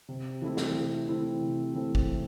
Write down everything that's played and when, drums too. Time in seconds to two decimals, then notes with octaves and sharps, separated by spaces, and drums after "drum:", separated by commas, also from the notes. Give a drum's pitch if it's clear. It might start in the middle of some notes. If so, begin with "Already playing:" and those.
0.08 C3
0.42 E3 A3 C4 E4
0.57 drum: snare
0.75 C3
1.08 E3 A3 C4 E4
1.41 C3
1.74 E3 A3 C4 E4
1.95 drum: kick
2.09 C3